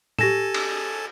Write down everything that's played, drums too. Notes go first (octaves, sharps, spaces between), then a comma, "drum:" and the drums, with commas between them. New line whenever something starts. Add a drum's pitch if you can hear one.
G4 A4 G#5 A5 A#6 E7, drum: tom A2
drum: cymbal